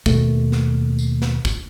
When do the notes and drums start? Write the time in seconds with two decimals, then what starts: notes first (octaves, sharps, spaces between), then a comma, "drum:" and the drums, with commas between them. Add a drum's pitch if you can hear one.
0.06 D#2 B2 A3, drum: kick, tambourine
0.52 drum: snare
0.99 drum: tambourine
1.22 drum: snare
1.45 drum: kick, tambourine